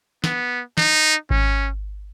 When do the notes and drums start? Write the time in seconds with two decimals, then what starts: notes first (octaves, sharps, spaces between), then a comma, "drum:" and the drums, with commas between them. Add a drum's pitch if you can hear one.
0.24 B3, drum: snare
0.78 D#4, drum: snare
1.30 C#4, drum: kick G#1